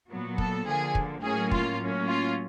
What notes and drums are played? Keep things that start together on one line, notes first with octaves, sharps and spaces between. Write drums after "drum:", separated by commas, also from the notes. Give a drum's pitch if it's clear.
A#2 F#3 B3
A4, drum: kick
D3 F3 A#3 G#4
drum: kick
A2 F#3 A#3 C#4 G#4
F4, drum: kick
A2 F#3 A#3 C#4
F4